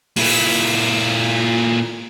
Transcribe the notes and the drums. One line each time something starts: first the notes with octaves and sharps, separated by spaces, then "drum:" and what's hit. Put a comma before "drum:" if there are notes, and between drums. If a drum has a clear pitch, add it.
A#2 E4, drum: open hi-hat